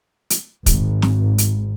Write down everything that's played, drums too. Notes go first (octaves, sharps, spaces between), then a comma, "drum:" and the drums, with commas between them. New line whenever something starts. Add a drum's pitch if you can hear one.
drum: hi-hat
G#1, drum: kick, hi-hat
drum: snare
drum: hi-hat